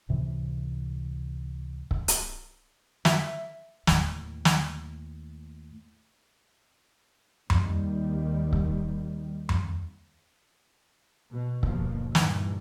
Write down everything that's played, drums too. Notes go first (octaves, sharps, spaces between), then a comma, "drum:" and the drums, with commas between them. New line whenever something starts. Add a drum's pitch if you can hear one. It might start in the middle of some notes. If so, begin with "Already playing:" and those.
C#2 A2 C3 E3
drum: kick C#1
drum: hi-hat
E5, drum: snare
D#2 A2, drum: snare
drum: snare
D#2 D#3 G3, drum: tom F2
drum: kick C#1
drum: tom F2
B2
G1 D#2 B2 F3 A#3, drum: kick C#1
G2 A#2 D#3 E3, drum: snare